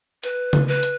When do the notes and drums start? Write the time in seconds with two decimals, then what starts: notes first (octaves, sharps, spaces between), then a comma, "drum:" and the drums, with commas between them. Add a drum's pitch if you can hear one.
0.23 B4, drum: hi-hat
0.53 drum: tom C#3
0.68 B4
0.83 drum: hi-hat